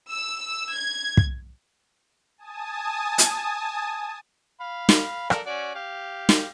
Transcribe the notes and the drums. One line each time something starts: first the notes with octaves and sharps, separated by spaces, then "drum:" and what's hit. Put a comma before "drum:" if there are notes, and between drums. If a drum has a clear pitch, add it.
E6
G#6
drum: kick
G#5 A5 D#6
drum: hi-hat
F5 B5
drum: snare
A4 A#4 D5, drum: rim click
C#4 F#4 D5
G4 F5
drum: snare